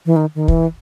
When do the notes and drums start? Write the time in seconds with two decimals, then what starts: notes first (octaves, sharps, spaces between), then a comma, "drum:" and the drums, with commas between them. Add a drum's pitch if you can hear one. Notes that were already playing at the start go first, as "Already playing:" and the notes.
0.06 E3
0.16 D#3
0.35 D#3
0.48 E3, drum: kick